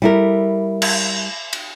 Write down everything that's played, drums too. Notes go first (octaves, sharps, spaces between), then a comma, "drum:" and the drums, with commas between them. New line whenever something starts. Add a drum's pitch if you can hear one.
G3 E4 A#4
drum: cymbal
drum: cymbal